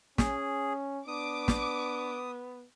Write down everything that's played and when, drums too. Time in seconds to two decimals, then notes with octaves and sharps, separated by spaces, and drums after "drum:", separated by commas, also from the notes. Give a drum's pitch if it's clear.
0.18 C#4 G#4, drum: snare
1.08 B3 D4 D6 D#6
1.48 drum: snare